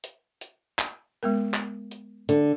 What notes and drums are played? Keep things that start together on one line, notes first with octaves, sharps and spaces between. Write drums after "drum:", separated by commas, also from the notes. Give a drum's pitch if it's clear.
drum: hi-hat
drum: hi-hat
drum: clap
G#3 B3 A#4
drum: clap
drum: hi-hat
D3, drum: hi-hat